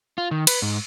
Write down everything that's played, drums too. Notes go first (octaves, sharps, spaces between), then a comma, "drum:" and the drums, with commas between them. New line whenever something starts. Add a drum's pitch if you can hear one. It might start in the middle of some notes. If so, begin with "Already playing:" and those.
F4
D#3
B4, drum: cymbal
G#2